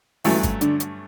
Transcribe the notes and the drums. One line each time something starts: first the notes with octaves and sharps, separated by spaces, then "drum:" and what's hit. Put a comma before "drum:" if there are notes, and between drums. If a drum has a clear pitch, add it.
G2 E3 F#3 A3 C#4 E4, drum: open hi-hat
drum: kick, hi-hat
D3 D4, drum: hi-hat
drum: hi-hat